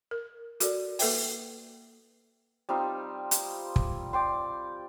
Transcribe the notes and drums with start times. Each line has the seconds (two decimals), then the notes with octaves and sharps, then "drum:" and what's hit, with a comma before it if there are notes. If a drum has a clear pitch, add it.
0.11 A#4
0.60 F#4 A4 A#4 D5, drum: hi-hat
0.99 A#3 A4 B4 E5 G5, drum: open hi-hat
2.69 G3 C4 D#4 F4
3.31 drum: hi-hat
3.76 drum: kick
4.13 D5 G5 C6